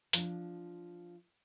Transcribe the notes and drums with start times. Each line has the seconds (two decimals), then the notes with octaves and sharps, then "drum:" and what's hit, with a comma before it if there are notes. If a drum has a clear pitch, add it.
0.13 F3 D4, drum: hi-hat